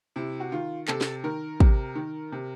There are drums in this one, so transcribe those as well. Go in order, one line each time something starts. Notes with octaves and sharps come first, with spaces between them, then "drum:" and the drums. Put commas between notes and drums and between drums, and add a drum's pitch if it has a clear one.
C3 E4
F#4
D#3 F4
C3 A4, drum: clap
drum: snare
D#3 A#4
C3, drum: kick
D#3
C3